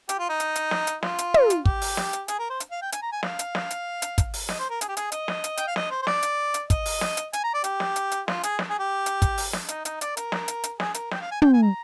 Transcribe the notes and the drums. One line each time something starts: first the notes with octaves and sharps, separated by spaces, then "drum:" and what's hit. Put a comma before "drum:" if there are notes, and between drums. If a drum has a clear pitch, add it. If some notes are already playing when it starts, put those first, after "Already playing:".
G4, drum: hi-hat
F4
D#4
drum: hi-hat
drum: hi-hat
drum: snare
drum: hi-hat
F4, drum: snare
drum: hi-hat
drum: tom
drum: hi-hat
G4, drum: kick
drum: open hi-hat
drum: snare
drum: hi-hat
G#4, drum: hi-hat
A#4
C5
drum: hi-hat
F5
G5
G#5, drum: hi-hat
A#5
G#5
F5, drum: snare
drum: hi-hat
drum: snare
drum: hi-hat
drum: hi-hat
drum: kick, hi-hat
drum: open hi-hat
D#5, drum: snare
C5
A#4
G#4, drum: hi-hat
G4
G#4, drum: hi-hat
D#5, drum: hi-hat
drum: snare
drum: hi-hat
G5, drum: hi-hat
F5
D#5, drum: snare
C5
C5
D5, drum: snare
drum: hi-hat
drum: hi-hat
D#5, drum: kick, hi-hat
drum: open hi-hat
drum: snare
drum: hi-hat
G#5, drum: hi-hat
A#5
D5
G4, drum: hi-hat
drum: snare
drum: hi-hat
drum: hi-hat
F4, drum: snare
G#4, drum: hi-hat
drum: snare
G#4
G4
drum: hi-hat
drum: kick, hi-hat
drum: open hi-hat
drum: snare
D#4, drum: hi-hat
D#4, drum: hi-hat
D5, drum: hi-hat
A#4, drum: hi-hat
drum: snare
drum: hi-hat
drum: hi-hat
G#4, drum: snare
A#4, drum: hi-hat
G5, drum: snare
F5
G#5
G5, drum: tom
G#5
A#5